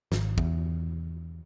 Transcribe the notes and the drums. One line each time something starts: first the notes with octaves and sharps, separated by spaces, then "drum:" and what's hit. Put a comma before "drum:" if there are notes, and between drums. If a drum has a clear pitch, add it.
G#1, drum: snare
E2, drum: kick